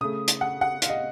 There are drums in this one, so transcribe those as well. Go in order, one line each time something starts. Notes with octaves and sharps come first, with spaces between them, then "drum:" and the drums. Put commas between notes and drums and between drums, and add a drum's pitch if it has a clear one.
C#3 A3 D#6
drum: hi-hat
F#5
F#5
F5, drum: hi-hat
D#5